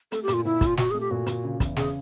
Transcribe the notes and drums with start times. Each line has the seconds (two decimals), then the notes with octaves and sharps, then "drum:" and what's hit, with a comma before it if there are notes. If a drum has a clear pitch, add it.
0.12 A3 A4, drum: hi-hat
0.23 G4
0.28 A#2, drum: hi-hat
0.33 F4
0.45 A#2 E4
0.61 A#2, drum: kick, hi-hat
0.66 F4
0.77 A#2 F#4, drum: snare
0.91 A3 G#4
1.00 G4
1.11 A#2 F#4
1.26 A#2, drum: hi-hat
1.44 C#3
1.60 E2, drum: kick, hi-hat
1.76 C#3 G#4, drum: snare